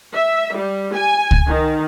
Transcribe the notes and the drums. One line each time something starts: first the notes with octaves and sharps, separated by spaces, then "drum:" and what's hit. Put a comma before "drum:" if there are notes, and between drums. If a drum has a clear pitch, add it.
E5
G3
G#5
drum: kick C#2
D#3